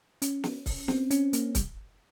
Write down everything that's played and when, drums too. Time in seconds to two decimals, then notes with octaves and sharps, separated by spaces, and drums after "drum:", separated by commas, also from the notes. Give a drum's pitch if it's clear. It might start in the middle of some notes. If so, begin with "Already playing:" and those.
0.22 C#4, drum: hi-hat
0.44 drum: snare
0.66 drum: kick C#1, open hi-hat
0.88 C4, drum: snare
1.11 C#4, drum: hi-hat
1.33 A#3, drum: hi-hat
1.55 G3, drum: kick C#1, hi-hat